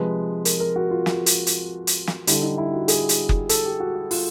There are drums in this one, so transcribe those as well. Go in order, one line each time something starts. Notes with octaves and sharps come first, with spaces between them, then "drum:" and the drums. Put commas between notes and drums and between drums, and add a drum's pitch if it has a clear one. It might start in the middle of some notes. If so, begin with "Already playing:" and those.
Already playing: C3 F3 G#3 B4
A#4, drum: hi-hat
A#4
F#4
F4
drum: snare
drum: hi-hat
drum: hi-hat
drum: hi-hat
drum: snare
D3 G3 E4, drum: hi-hat
D#4
E4
F#4
G#4, drum: hi-hat
drum: hi-hat
drum: kick F#1
A4, drum: hi-hat
G4
F#4
F#4
F4, drum: open hi-hat